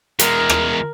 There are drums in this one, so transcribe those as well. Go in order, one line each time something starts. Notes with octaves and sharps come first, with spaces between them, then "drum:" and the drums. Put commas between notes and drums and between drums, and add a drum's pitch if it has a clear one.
E2 G#3 A#4, drum: hi-hat
drum: rim click